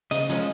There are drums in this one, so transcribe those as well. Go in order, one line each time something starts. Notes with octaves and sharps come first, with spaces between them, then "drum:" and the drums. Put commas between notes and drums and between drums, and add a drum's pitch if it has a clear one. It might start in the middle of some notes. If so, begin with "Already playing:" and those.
C#3 D#5, drum: hi-hat
F3 G#3 C#4, drum: hi-hat